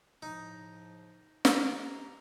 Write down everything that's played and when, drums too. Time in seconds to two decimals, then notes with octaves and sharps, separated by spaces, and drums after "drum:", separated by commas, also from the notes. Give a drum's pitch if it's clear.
0.22 A2 C#3 F3 D#4
1.45 G4 A#5, drum: snare